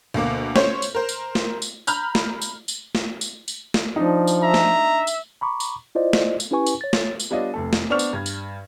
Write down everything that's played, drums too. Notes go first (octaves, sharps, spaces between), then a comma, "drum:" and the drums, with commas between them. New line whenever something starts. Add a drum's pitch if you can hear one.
D2 B2 A#3 D6
C#4 C5 C#5, drum: snare
drum: tambourine
A#4 C5
drum: tambourine
drum: snare
drum: tambourine
A#5 B5 F6 G6, drum: tambourine
drum: snare
drum: tambourine
drum: tambourine
drum: snare
drum: tambourine
drum: tambourine
drum: snare
F3 D4 D#4
drum: tambourine
E5 A#5
drum: snare
drum: tambourine
A#5 B5 C#6 D6
drum: tambourine
E4 F4 C5 D5 D#5
drum: snare
drum: tambourine
C#4 E4 G4 B4 G#5 C#6
drum: tambourine
C#5 A6
drum: snare
drum: tambourine
G3 B3 D4 F4 C#5 D#5
F1 A3 A4
drum: snare
B3 D4 C5 C#6 F6 F7
drum: tambourine
G2 G#6
drum: tambourine